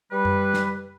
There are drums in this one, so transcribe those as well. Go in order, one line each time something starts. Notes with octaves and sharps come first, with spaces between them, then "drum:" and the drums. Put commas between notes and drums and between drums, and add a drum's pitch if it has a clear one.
G3 B4
drum: tom F#2
drum: snare